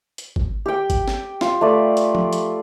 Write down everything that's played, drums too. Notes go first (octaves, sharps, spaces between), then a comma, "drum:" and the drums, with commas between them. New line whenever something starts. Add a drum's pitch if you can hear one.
drum: hi-hat
drum: kick G#1
G4 G5
drum: kick G#1, hi-hat
drum: snare
F4, drum: snare
A3 B4 D5
drum: hi-hat
drum: tom F3
drum: hi-hat